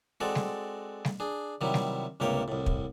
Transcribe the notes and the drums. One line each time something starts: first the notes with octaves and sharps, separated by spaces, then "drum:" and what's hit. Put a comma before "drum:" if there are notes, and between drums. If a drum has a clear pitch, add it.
G#3 C4 F#4 A4 D5
drum: snare G3
drum: snare G3
D4 G#4
C3 D#3 F#3 G3 E4
drum: snare G3
C#2 G2 C3 A#3 C#5 G5
C2 A2
drum: kick